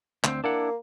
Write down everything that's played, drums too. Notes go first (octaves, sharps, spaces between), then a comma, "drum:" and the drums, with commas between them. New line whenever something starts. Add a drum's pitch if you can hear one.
D2 C4, drum: clap
A#3 D4 E4 F#5